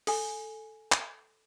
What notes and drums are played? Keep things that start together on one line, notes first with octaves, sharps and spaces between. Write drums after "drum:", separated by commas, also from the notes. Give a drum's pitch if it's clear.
A4 G#5, drum: open hi-hat
drum: clap